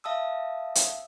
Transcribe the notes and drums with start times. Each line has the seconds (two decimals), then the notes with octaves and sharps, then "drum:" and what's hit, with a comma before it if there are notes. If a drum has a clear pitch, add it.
0.04 E5 F5 A5 D#6 E6
0.75 drum: hi-hat